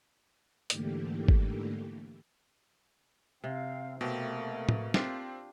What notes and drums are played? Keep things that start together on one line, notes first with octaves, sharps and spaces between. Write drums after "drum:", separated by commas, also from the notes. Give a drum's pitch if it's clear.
G#2 D3 E3 A3 A#3 G4, drum: hi-hat
drum: kick G1
C3 C4 F5
B2 A3 A#3 C4 G4
drum: tom
C4 D4 F4 G4, drum: snare